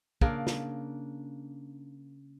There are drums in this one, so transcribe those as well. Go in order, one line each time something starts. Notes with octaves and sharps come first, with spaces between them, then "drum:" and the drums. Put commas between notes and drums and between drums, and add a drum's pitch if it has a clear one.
C#3 A#3 D4, drum: kick
drum: snare